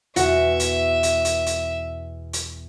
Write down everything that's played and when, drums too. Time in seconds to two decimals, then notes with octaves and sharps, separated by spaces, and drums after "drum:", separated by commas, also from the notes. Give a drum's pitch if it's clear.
0.16 E2 B2 F#4 E5, drum: hi-hat
0.60 drum: hi-hat
1.03 drum: hi-hat
1.25 drum: hi-hat
1.46 drum: hi-hat
2.33 drum: hi-hat